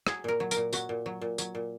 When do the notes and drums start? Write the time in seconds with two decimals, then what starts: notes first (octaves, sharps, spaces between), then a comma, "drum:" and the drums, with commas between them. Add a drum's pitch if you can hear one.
0.07 F#3 G#4, drum: rim click
0.24 A#2 A#4
0.40 F#3
0.51 A#4, drum: tambourine
0.57 A#2
0.73 F#3 F#4, drum: tambourine
0.89 A#2
1.06 F#3
1.21 A#2
1.38 F#3, drum: tambourine
1.55 A#2